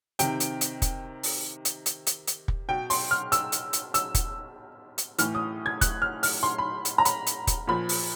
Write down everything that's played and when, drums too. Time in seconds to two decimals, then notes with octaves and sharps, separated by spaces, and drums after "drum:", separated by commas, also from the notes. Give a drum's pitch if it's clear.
0.19 C3 D#3 G5, drum: hi-hat
0.40 drum: hi-hat
0.61 drum: hi-hat
0.82 drum: kick, hi-hat
1.23 drum: open hi-hat
1.65 drum: hi-hat
1.86 drum: hi-hat
2.07 drum: hi-hat
2.27 drum: hi-hat
2.48 drum: kick
2.69 B2 G5
2.90 C6, drum: open hi-hat
3.11 F6
3.32 E6, drum: hi-hat
3.52 drum: hi-hat
3.73 drum: hi-hat
3.94 E6, drum: hi-hat
4.15 drum: kick, hi-hat
4.98 drum: hi-hat
5.18 A2 E3 F6, drum: hi-hat
5.35 D#6
5.66 G#6
5.81 F#6, drum: kick, hi-hat
6.02 F6
6.23 F6, drum: open hi-hat
6.43 C6
6.58 B5
6.85 drum: hi-hat
6.98 A#5
7.05 B5, drum: hi-hat
7.27 drum: hi-hat
7.47 drum: kick, hi-hat
7.68 A#2 F3 B5
7.89 drum: open hi-hat